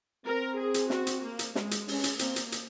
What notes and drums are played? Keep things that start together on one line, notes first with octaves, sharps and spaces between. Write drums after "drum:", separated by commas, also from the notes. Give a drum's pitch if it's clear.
C4 A#4
G#4
drum: hi-hat
F#4, drum: snare
drum: hi-hat
A#3
drum: hi-hat
G#3, drum: snare
drum: hi-hat
G#3 C#4, drum: open hi-hat
drum: hi-hat
A#3 C4, drum: hi-hat
drum: hi-hat
drum: hi-hat